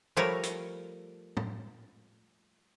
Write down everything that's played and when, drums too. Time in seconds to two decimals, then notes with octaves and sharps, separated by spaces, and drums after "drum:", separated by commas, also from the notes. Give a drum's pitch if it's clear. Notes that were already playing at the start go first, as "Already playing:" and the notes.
0.17 F3 G3 A3 A#4 B4 C#5
0.43 drum: hi-hat
1.37 drum: tom